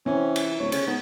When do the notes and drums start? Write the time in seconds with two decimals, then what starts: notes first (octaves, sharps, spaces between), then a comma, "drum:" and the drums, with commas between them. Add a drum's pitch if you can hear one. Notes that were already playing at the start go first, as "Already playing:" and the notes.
0.06 E3 C4 C#4
0.36 drum: cymbal
0.59 D1 C#5
0.72 C#3 C#5, drum: cymbal
0.87 G#2 B3